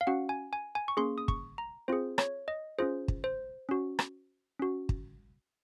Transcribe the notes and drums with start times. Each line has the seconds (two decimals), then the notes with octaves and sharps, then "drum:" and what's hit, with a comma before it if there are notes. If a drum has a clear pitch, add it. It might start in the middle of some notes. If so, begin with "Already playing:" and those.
0.01 F5
0.07 C#4 F#4 F#5
0.29 G#5
0.53 G#5
0.75 G#5
0.88 C#6
0.97 A#3 C#4 G#4 C6
1.18 D#6
1.28 C#6, drum: kick
1.58 A#5
1.88 C4 F4 G#4 C5
2.18 C#5, drum: rim click
2.48 D#5
2.79 C#4 F4 G#4 C5
3.08 drum: kick
3.24 C5
3.69 C#4 F#4
3.99 drum: rim click
4.59 C#4 F#4
4.89 drum: kick